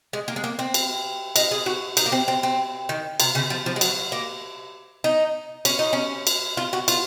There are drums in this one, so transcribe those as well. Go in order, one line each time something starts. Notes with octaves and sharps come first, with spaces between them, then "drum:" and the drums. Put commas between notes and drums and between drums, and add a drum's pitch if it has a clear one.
G#3
A#3
G#3
A#3
C4
drum: cymbal
D#4, drum: cymbal
G#4
F#4
D#4, drum: cymbal
A#3
C4
C4
C4
D#3
C3, drum: cymbal
C#3
F3
F3
G#3
F#3, drum: cymbal
A#3
D#4
C#4, drum: cymbal
D#4
C#4
drum: cymbal
F4
F#4
F4, drum: cymbal